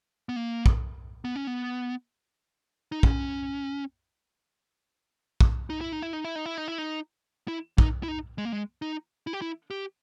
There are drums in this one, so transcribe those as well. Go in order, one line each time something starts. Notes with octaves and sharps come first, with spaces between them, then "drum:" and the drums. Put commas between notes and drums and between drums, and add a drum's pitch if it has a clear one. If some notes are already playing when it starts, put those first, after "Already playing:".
B3
A#3
drum: kick
B3
C#4
B3
D#4
C#4, drum: kick
drum: kick
D#4
E4
D#4
E4
D#4
E4
D#4
E4
D#4
E4
D#4
E4
D#4, drum: kick
E4
D#4
G#3
A#3
G#3
D#4
E4
G4
E4
G4